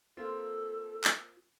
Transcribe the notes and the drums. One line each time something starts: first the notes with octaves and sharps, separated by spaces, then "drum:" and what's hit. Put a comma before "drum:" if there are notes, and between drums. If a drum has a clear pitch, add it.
A#3 C4 F4 A4
drum: clap